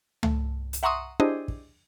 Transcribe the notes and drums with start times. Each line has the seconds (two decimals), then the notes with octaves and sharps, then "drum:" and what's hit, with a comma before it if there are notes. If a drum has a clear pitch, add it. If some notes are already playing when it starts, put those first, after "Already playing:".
0.23 A3, drum: tom
0.73 drum: hi-hat
0.83 E5 F#5 A#5 C6 C#6 D#6
1.20 D4 E4 G4 G#4 C5 D#5
1.48 drum: kick